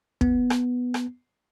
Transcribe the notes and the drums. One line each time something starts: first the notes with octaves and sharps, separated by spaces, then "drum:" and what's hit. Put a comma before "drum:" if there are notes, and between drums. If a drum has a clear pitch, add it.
B3, drum: kick
drum: rim click
drum: rim click